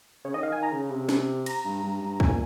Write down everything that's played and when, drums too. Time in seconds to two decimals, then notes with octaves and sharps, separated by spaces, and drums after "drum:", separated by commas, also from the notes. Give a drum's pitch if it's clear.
0.25 C#3 C#5
0.34 D#3 D#5
0.43 F5
0.52 D#3 G#5
0.63 A#5
0.71 C#3
0.90 C3
1.09 drum: snare
1.46 A#5, drum: cymbal
1.65 G2
1.83 G2
2.01 G2
2.20 A#2 G#5, drum: kick